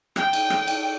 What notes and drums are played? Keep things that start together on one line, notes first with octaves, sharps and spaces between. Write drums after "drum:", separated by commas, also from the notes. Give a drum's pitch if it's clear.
G5, drum: rim click
drum: cymbal
drum: rim click
drum: cymbal